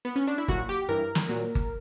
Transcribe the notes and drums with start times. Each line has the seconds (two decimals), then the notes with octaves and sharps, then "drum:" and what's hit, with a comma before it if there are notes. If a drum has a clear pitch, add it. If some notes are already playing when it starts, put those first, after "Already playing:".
0.05 B3
0.16 C#4
0.27 D4
0.38 E4
0.48 A#2 F#3 F#4, drum: kick G1
0.69 G4
0.89 G2 E3 A#4
1.15 drum: snare
1.29 A#2 F#3
1.55 drum: kick G1